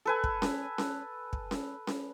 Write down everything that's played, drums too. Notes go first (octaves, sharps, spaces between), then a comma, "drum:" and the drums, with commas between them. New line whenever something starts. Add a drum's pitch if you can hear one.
A4 B4 G#5
drum: kick
drum: snare C#4
drum: snare C#4
drum: kick
drum: snare C#4
drum: snare C#4